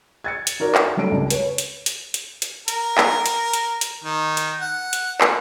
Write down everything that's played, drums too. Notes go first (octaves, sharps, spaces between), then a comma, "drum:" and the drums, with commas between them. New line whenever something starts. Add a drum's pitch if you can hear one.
G#6 A6 C#7
drum: hi-hat
D#4 F#4 A#4 D5
drum: clap
F#3 G3 A3 D4 D7
C#2
B4 C#5, drum: hi-hat
drum: hi-hat
drum: hi-hat
drum: hi-hat
drum: hi-hat
A#4, drum: hi-hat
drum: clap
drum: hi-hat
drum: hi-hat
drum: hi-hat
D#3
drum: hi-hat
F#5
drum: hi-hat
drum: clap